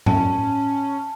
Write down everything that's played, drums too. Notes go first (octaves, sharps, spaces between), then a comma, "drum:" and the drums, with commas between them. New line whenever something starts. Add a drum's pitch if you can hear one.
C#4 A5, drum: tom A2